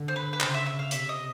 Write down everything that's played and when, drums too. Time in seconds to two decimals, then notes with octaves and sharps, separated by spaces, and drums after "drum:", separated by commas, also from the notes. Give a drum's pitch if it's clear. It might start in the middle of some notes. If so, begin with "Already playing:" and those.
Already playing: D3
0.08 C5
0.16 B4
0.33 B4
0.41 C#3 C5, drum: clap
0.54 E5
0.66 E5
0.79 F5
0.91 C3 E5, drum: hi-hat
1.09 D#5